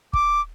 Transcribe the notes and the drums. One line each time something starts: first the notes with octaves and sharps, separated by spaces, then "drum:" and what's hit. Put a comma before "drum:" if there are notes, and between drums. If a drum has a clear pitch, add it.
D6, drum: kick